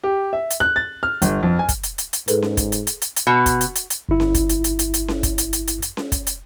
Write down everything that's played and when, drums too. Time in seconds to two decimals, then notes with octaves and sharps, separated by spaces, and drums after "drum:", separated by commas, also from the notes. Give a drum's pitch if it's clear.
0.04 G4
0.33 E5
0.50 drum: hi-hat
0.60 F#6
0.76 A6
1.03 F6
1.22 G1, drum: hi-hat
1.43 F2
1.59 G#5
1.69 drum: kick, hi-hat
1.83 drum: hi-hat
1.98 drum: hi-hat
2.13 drum: hi-hat
2.28 G#2 G#4 A4 B4, drum: hi-hat
2.42 drum: snare C#4
2.57 drum: kick, hi-hat
2.72 drum: hi-hat
2.87 drum: hi-hat
3.02 drum: hi-hat
3.16 drum: hi-hat
3.27 B2
3.46 drum: kick, hi-hat
3.61 drum: hi-hat
3.75 drum: hi-hat
3.90 drum: hi-hat
4.09 G1 E4
4.20 drum: snare C#4
4.35 drum: kick, hi-hat
4.49 drum: hi-hat
4.64 drum: hi-hat
4.79 drum: hi-hat
4.94 drum: hi-hat
5.08 drum: snare C#4
5.23 drum: kick, hi-hat
5.38 drum: hi-hat
5.53 drum: hi-hat
5.67 drum: hi-hat
5.82 drum: hi-hat
5.97 drum: snare C#4
6.12 drum: kick, hi-hat
6.27 drum: hi-hat